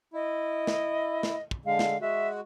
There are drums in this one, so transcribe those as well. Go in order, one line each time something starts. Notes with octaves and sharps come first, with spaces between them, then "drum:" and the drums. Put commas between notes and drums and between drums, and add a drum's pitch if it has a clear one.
E4 D#5
drum: snare
drum: snare
drum: kick
D3 G#3 F5
drum: snare
G#3 F#4 E5